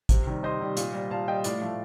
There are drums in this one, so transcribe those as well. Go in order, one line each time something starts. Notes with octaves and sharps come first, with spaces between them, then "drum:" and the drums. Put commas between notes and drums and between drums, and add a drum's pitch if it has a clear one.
C3, drum: kick, hi-hat
D#3 G3
C3 C5 D#5
D#3 G3
A#2, drum: hi-hat
G3
A#2 F5 A5
G3 D#5 G5
A2 D5 F5, drum: hi-hat
F3 A3